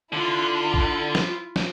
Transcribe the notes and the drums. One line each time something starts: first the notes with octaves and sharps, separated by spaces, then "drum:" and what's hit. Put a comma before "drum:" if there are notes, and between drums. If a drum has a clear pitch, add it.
D3 E4 F4
drum: kick
drum: snare
drum: snare